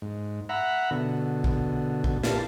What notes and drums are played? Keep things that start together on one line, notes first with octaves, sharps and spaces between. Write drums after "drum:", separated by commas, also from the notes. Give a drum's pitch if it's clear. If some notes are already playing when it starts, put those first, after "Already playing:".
G#2
E5 F#5 A#5 B5
B2 D3
drum: kick A#1
drum: kick A#1
A#2 D4 E4 G4 F5 A5, drum: snare